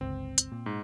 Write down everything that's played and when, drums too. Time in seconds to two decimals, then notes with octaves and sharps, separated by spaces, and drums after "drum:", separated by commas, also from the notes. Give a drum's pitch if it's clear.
0.01 G1 C#2 C4
0.38 drum: hi-hat
0.52 A#2
0.66 G#2